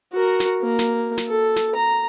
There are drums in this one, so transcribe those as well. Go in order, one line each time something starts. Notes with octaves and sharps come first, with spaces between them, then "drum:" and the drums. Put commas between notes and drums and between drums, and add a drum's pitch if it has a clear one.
F#4 A#4
drum: snare
A#3
drum: snare
drum: snare
A4
drum: snare
A#5